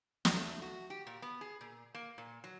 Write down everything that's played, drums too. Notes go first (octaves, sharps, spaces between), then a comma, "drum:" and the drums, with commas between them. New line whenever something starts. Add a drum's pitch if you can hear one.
F#4, drum: snare
A3
F#4
G4
A#2
B3
G#4
A#2
A#3
A#2
F#3